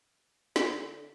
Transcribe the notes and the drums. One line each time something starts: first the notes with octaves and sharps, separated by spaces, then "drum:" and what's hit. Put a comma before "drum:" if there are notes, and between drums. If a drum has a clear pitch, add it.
D3, drum: snare